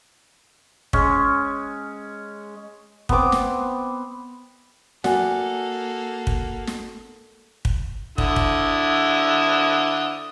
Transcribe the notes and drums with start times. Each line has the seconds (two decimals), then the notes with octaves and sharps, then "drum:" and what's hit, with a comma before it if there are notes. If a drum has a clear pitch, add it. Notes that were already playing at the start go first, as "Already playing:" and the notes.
0.93 G#3 C#4, drum: kick
3.09 B3 C4 D6, drum: kick
3.32 drum: snare
5.04 A#3 F#4 A4 D5 F#5 G#5, drum: snare
6.27 drum: kick
6.67 drum: snare
7.65 drum: kick
8.18 D3 E4 D#6, drum: kick
8.36 drum: kick